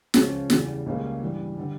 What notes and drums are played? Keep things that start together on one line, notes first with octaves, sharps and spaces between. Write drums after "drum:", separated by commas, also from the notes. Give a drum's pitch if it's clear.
C#2 C#3 F3 C#4, drum: snare
E2 C#3 E3 G3, drum: snare
C#2 C#3 G3 A#3 C#4
G2 E3 G3
D3 G3